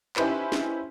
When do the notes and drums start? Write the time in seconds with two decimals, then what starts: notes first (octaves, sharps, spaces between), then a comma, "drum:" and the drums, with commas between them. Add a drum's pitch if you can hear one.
0.16 C#4 D#4 E4 G4 B4 C5, drum: clap
0.52 drum: snare